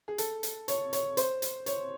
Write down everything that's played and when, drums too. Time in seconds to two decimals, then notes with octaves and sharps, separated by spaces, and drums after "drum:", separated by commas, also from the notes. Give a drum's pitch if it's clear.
0.08 G#4
0.18 A4, drum: hi-hat
0.43 drum: hi-hat
0.68 C#5, drum: hi-hat
0.93 C#5, drum: hi-hat
1.17 C5, drum: hi-hat
1.42 drum: hi-hat
1.66 C#5, drum: hi-hat